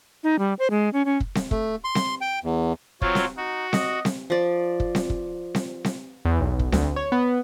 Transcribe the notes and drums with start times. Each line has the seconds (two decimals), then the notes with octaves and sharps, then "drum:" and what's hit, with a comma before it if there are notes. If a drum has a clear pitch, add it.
0.23 D#4
0.39 G3
0.59 C5
0.70 G#3
0.93 C#4
1.05 C#4
1.20 drum: kick
1.35 drum: snare C4
1.51 A3, drum: kick
1.84 C6
1.95 drum: snare C4
2.21 G5
2.44 E2
3.02 F#3 C4 F4 C#5, drum: kick
3.15 drum: snare C4
3.37 D#4 F#4
3.73 D#5, drum: snare C4
4.05 drum: snare C4
4.30 F3 D5
4.80 drum: kick
4.95 drum: snare C4
5.10 drum: kick
5.55 drum: snare C4
5.85 drum: snare C4
6.25 E2
6.40 B1
6.59 drum: kick
6.72 D2, drum: snare C4
6.96 C#5
7.12 B3